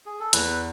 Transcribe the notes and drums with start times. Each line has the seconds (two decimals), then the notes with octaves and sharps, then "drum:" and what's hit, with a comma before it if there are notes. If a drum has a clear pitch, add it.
0.06 G#4
0.20 A4
0.33 E2 B4, drum: hi-hat